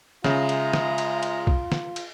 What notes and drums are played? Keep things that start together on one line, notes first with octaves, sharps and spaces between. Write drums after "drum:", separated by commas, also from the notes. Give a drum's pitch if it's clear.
C#3 G#3 F4 E5 A#5, drum: snare
drum: cymbal
drum: snare
drum: cymbal
drum: cymbal
drum: kick
drum: snare
drum: cymbal